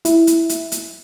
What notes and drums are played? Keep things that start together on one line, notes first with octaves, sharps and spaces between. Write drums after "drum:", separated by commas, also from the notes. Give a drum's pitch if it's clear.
E4, drum: hi-hat
drum: hi-hat
drum: hi-hat
drum: hi-hat